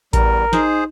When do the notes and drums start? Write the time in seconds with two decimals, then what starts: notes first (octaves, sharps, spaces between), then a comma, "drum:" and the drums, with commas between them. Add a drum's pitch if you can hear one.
0.13 E2 G3 A#4, drum: kick A1, hi-hat
0.53 D#4 G#4 C5, drum: snare